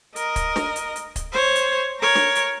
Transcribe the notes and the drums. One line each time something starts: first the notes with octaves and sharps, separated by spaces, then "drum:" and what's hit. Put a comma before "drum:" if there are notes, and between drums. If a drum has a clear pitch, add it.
A#4 D#5, drum: hi-hat
drum: kick, hi-hat
drum: snare
drum: hi-hat
drum: hi-hat
drum: kick, hi-hat
C5 C#5
drum: hi-hat
A#4 C#5
drum: snare
drum: hi-hat